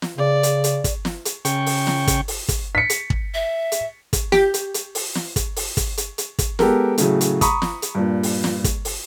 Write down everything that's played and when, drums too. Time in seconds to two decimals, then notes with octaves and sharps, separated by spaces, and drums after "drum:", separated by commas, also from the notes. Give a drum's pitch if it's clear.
0.02 drum: snare
0.18 C#3 D5
0.43 drum: hi-hat
0.64 drum: hi-hat
0.84 drum: kick, hi-hat
1.05 drum: snare
1.25 drum: hi-hat
1.45 C#3 G5 C#6, drum: hi-hat
1.66 drum: open hi-hat
1.87 drum: snare
2.07 drum: kick, hi-hat
2.28 drum: open hi-hat
2.48 drum: kick, hi-hat
2.75 B6 C#7
2.90 drum: hi-hat
3.10 drum: kick
3.34 E5
3.72 drum: hi-hat
4.13 drum: kick, hi-hat
4.32 G4, drum: snare
4.54 drum: hi-hat
4.74 drum: hi-hat
4.95 drum: open hi-hat
5.15 drum: snare
5.36 drum: kick, hi-hat
5.56 drum: open hi-hat
5.77 drum: kick, hi-hat
5.97 drum: hi-hat
6.18 drum: hi-hat
6.39 drum: kick, hi-hat
6.59 G#3 B3 G4 A4 A#4, drum: snare
6.98 A2 C#3 F#3 A3, drum: hi-hat
7.21 drum: hi-hat
7.41 A#5 B5 C#6 D#6, drum: kick, hi-hat
7.62 drum: snare
7.82 drum: hi-hat
7.95 G2 A#2
8.23 drum: open hi-hat
8.44 drum: snare
8.64 drum: kick, hi-hat
8.85 drum: open hi-hat